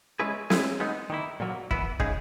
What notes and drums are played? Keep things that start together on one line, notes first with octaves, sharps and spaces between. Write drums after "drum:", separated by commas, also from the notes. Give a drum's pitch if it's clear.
G#3 C#4 E4 G#4 B4
G#3 B3 E4 G#4, drum: snare
G#3 B3 D#4
D#3 A#3 E4
A#2 F#3 A#3
E3 B3 E4, drum: kick
C#3 G#3 D#4 G#4, drum: kick